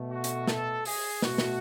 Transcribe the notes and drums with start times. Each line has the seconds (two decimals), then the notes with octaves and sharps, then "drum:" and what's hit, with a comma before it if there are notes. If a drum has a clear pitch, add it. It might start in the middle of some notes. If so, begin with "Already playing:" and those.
Already playing: B2 A3
0.10 F#4
0.24 drum: hi-hat
0.47 A4, drum: snare
0.85 G#4, drum: open hi-hat
1.22 B2 A3 F#4, drum: snare
1.38 drum: snare